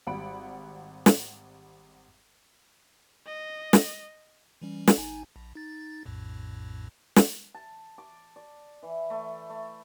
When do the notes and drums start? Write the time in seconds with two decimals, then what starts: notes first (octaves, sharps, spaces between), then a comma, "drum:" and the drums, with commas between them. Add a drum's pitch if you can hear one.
0.07 G#1 G3 F#5 B5 D7
1.06 drum: snare
3.27 D#5
3.73 drum: snare
4.61 E3 G3 C#4
4.87 drum: snare
4.97 G#1 D#4 G#5
5.36 A#1
5.55 D#4 A6
6.05 A#1 F2 A2
7.16 drum: snare
7.55 A5
7.98 D6
8.36 D5
8.83 E3
9.10 A3
9.50 A3